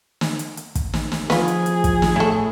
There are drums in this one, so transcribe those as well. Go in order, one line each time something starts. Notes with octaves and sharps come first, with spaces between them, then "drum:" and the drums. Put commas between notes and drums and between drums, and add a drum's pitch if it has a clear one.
drum: snare
drum: hi-hat
drum: hi-hat
drum: kick, hi-hat
drum: snare
drum: snare
F3 F4 G#4 B4, drum: snare
drum: hi-hat
drum: hi-hat
drum: kick, hi-hat
drum: snare
A2 E4 A4